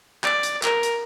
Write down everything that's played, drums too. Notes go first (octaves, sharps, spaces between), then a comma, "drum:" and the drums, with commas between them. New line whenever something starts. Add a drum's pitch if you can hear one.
D5, drum: clap
drum: hi-hat
A#4, drum: clap
drum: hi-hat